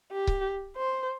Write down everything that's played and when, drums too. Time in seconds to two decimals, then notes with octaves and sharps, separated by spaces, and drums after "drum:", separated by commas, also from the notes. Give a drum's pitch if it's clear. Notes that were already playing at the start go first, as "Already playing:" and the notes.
0.11 G4
0.27 drum: kick C#1
0.77 C5